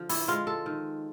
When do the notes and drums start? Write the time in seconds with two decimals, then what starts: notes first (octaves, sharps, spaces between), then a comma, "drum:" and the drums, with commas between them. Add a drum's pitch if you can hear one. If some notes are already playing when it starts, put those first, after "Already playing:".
Already playing: D3 F3
0.09 E4, drum: open hi-hat
0.28 G#3 F4
0.47 A4
0.66 D#3